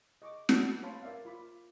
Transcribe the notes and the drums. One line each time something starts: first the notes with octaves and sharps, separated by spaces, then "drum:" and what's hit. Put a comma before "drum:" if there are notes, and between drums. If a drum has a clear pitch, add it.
D#5 C#6 D6
E4 B4 F#5 A5, drum: snare
C#5 F5 A5 B5 C6
A#4 D5 E5 F5
F4 B5 D6